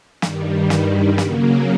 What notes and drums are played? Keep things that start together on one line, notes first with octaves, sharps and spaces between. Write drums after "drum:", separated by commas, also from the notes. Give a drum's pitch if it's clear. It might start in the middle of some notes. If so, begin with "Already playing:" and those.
G2 D#3 G3, drum: snare
drum: snare
C#3 F#3 A#3, drum: snare